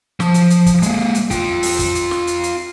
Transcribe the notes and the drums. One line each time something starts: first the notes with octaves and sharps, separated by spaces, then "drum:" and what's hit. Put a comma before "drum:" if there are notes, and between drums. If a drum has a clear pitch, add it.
F3, drum: snare
drum: hi-hat
drum: hi-hat
drum: kick, hi-hat
G#3 A#3, drum: hi-hat
drum: hi-hat
F4 G5, drum: kick, hi-hat
drum: open hi-hat
drum: kick, hi-hat
drum: hi-hat
drum: snare
drum: hi-hat
drum: hi-hat